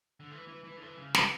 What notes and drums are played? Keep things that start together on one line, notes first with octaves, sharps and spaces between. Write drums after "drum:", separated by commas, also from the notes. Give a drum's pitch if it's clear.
D3
E3
E3
E3
D3
E3
C#3
E3, drum: snare